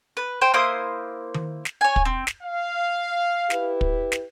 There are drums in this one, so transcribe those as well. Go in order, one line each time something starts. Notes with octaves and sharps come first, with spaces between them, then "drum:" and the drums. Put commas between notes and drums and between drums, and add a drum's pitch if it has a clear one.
B4
C5 G5
A#3 E4 C5 D#6
drum: tom D#3
drum: snare
C#5 G#5
drum: kick
C4
drum: snare
F5
E4 G4 B4, drum: snare
drum: kick
drum: snare